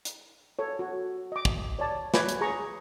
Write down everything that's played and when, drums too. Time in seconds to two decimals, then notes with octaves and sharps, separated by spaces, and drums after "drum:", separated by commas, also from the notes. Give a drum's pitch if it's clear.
0.05 drum: hi-hat
0.59 A4 C#5
0.79 F#4
1.32 D#5 D6
1.45 drum: kick
1.79 C#5 D5 A5
2.14 B4 C#5 G#5 B5 D6, drum: snare
2.29 drum: hi-hat
2.41 G#4 A#5 C#6